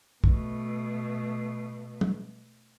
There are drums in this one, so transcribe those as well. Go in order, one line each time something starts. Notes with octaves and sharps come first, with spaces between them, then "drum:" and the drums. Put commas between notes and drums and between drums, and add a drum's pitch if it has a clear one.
B2 A3, drum: kick
drum: tom